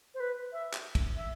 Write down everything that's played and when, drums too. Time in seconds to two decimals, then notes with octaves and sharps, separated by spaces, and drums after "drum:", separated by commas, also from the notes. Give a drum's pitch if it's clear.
0.14 C5
0.20 B4
0.52 E5
0.74 drum: clap
0.95 drum: kick, cymbal
1.16 E5